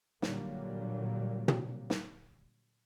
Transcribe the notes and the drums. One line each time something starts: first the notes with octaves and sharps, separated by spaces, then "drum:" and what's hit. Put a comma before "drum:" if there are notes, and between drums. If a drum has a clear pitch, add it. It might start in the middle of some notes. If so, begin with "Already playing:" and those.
A#2 D3 F#3 G3 A#3, drum: snare
drum: tom
drum: snare